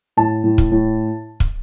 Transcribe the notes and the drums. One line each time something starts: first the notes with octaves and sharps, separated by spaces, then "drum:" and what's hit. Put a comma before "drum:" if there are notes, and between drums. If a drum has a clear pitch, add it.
A2 A5
A2
drum: kick
A2
drum: kick